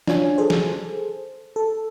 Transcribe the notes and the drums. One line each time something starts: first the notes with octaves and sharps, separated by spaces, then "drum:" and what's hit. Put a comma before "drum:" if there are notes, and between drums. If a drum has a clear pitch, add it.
D4 F4 C#5 G#5, drum: snare
G#4 A4 C5
drum: snare
A4